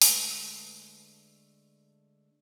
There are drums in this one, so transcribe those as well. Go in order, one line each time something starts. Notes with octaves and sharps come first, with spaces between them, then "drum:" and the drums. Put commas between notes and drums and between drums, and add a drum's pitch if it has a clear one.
D3 G#3 A3 B4, drum: open hi-hat